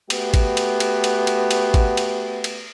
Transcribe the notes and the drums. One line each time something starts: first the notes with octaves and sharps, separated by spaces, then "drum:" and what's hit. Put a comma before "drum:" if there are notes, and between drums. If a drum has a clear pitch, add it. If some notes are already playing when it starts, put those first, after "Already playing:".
A3 B3 F#4 G4, drum: cymbal
drum: kick, cymbal
drum: cymbal
drum: cymbal
drum: cymbal
drum: cymbal
drum: cymbal
drum: kick, cymbal
drum: cymbal
drum: cymbal